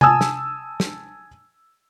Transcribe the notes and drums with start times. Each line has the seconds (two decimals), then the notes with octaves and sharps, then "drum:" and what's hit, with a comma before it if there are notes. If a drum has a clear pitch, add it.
0.01 G#5 A5 D#6 E6, drum: tom C3
0.21 drum: snare
0.80 drum: snare